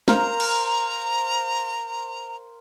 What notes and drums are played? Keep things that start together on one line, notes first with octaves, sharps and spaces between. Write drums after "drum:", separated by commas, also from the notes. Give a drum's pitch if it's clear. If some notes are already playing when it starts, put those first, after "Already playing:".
A#4 C5 F5 A#5, drum: snare
drum: cymbal